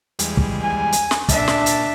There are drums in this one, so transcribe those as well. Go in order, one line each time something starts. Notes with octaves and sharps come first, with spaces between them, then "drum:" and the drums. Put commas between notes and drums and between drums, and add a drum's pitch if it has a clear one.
E2 G3 G#3, drum: hi-hat
drum: kick
G#5
drum: hi-hat
drum: snare
A#2 D4 E5 A5, drum: kick, hi-hat
drum: snare
drum: hi-hat